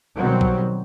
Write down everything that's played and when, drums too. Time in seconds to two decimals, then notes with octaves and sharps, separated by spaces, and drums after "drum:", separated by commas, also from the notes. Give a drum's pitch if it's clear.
0.17 B2 D#3 F#3 G3 C4
0.41 drum: kick B1